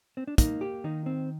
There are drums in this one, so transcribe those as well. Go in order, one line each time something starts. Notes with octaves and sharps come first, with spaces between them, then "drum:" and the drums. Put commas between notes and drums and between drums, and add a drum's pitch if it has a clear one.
C4
D4
A#3 D#4, drum: kick, hi-hat
G4
D#3 D#4
C4